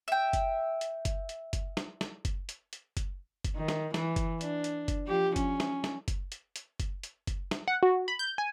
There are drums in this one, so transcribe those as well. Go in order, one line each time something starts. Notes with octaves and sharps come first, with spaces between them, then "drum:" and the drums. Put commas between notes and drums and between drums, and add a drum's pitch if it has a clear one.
E5 G5
drum: kick F#1, hi-hat
drum: hi-hat
drum: kick F#1, hi-hat
drum: hi-hat
drum: kick F#1, hi-hat
drum: snare
drum: snare
drum: kick F#1, hi-hat
drum: hi-hat
drum: hi-hat
drum: kick F#1, hi-hat
drum: kick F#1, hi-hat
D#3
drum: snare
E3, drum: snare
drum: kick F#1, hi-hat
D4, drum: hi-hat
drum: hi-hat
drum: kick F#1, hi-hat
F3 G4
C#4, drum: kick F#1, hi-hat
drum: snare
drum: snare
drum: kick F#1, hi-hat
drum: hi-hat
drum: hi-hat
drum: kick F#1, hi-hat
drum: hi-hat
drum: kick F#1, hi-hat
drum: snare
F#5
F#4
B5
G6
G#5